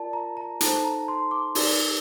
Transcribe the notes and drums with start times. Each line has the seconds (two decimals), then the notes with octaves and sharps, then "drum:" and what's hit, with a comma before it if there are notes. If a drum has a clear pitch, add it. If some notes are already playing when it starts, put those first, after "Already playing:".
Already playing: F4 A#4 D5 A5
0.13 A#5
0.37 A#5
0.61 D#4 A4 C5 A5, drum: hi-hat
0.84 A#5
1.08 C6
1.31 D6
1.55 D#4 G4 A#4 D5, drum: open hi-hat